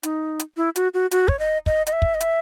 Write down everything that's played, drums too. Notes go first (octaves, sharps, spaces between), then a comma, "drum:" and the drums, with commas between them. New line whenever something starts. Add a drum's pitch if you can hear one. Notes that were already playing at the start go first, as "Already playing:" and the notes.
D#4, drum: hi-hat
drum: hi-hat
E4
F#4, drum: hi-hat
F#4
F#4, drum: hi-hat
C#5, drum: kick
D#5
D#5, drum: kick
D#5, drum: hi-hat
E5
drum: kick
D#5
E5, drum: hi-hat